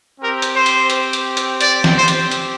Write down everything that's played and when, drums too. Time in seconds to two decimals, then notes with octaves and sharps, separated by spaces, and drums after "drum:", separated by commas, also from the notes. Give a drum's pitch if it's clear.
0.19 C4 G4 A#4
0.42 drum: hi-hat
0.54 C5
0.66 drum: hi-hat
0.90 drum: hi-hat
1.13 drum: hi-hat
1.37 drum: hi-hat
1.61 D5, drum: hi-hat
1.84 drum: snare
1.96 C5
2.08 drum: hi-hat
2.31 drum: hi-hat